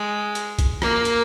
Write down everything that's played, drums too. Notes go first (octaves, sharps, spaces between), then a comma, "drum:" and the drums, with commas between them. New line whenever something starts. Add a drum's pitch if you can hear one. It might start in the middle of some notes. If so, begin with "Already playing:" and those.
Already playing: G#3
drum: hi-hat
drum: kick, hi-hat
A#3, drum: rim click
drum: hi-hat